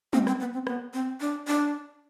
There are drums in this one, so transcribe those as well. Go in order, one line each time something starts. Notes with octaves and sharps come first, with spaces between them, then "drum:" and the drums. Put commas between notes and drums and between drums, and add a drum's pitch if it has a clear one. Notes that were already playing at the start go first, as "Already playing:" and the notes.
C4, drum: tom
C4, drum: rim click
B3
C4
B3, drum: rim click
C4
D4
D4